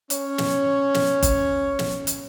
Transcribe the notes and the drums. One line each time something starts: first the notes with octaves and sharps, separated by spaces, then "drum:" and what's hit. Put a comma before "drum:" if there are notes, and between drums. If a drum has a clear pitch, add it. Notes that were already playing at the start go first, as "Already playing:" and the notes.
C#4 C#5, drum: hi-hat
drum: snare
drum: snare
drum: kick G1, hi-hat
drum: snare
drum: hi-hat